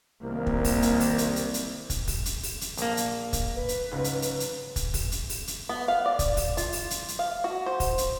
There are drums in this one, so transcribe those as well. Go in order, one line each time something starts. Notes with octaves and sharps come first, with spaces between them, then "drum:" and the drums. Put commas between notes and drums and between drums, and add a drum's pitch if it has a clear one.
C2 D#3 A#3
drum: kick
drum: kick, open hi-hat
drum: hi-hat
drum: open hi-hat
drum: hi-hat
drum: hi-hat
drum: hi-hat
drum: kick, hi-hat
drum: kick, open hi-hat
drum: hi-hat
drum: open hi-hat
drum: hi-hat
A#1 A#3, drum: hi-hat
drum: hi-hat
drum: kick, hi-hat
B4
drum: hi-hat
C#2 G#2
drum: hi-hat
drum: hi-hat
drum: hi-hat
drum: kick, hi-hat
drum: kick, open hi-hat
drum: hi-hat
drum: open hi-hat
drum: hi-hat
B3
F5
D5
drum: kick, hi-hat
drum: kick, open hi-hat
F4, drum: hi-hat
drum: open hi-hat
drum: hi-hat
drum: hi-hat
F5
F#4
C5
drum: kick, open hi-hat
drum: hi-hat